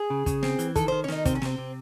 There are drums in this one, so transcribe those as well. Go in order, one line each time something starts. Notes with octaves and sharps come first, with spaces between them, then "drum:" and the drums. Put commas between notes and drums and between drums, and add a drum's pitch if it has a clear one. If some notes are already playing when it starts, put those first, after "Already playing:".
Already playing: G#4
C#3
C#3, drum: kick, hi-hat
C4, drum: snare
E3, drum: hi-hat
D#3 A4, drum: kick, hi-hat
D#3 C5
C#4
D#3 D#4, drum: snare
C3 C4, drum: kick, hi-hat
C#4
C3 C4, drum: snare
C3